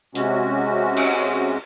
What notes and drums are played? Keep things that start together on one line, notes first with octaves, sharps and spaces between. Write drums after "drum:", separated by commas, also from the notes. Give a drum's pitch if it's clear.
C3 G#3 C#4 F#4, drum: hi-hat
drum: cymbal